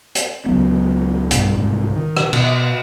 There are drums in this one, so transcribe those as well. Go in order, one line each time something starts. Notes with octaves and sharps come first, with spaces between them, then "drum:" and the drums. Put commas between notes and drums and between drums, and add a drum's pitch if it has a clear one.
drum: hi-hat
C#2 F#3 B3
B1 G2, drum: hi-hat
C2 G#2
D#3
drum: rim click
B2, drum: cymbal